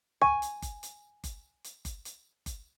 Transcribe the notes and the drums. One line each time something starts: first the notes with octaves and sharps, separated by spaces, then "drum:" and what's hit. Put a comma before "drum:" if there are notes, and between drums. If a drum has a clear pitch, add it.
G#5 C#6, drum: tom
drum: hi-hat
drum: kick F#1, hi-hat
drum: hi-hat
drum: kick F#1, hi-hat
drum: hi-hat
drum: kick F#1, hi-hat
drum: hi-hat
drum: kick F#1, hi-hat